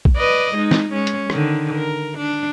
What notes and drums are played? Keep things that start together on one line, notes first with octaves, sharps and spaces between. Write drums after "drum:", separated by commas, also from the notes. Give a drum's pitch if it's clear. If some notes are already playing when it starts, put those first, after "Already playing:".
drum: kick A#1
B4 D5 D#5
G#3 D#4
drum: snare
G#3 C#4
drum: hi-hat
D3 D#3, drum: rim click
A#4
D4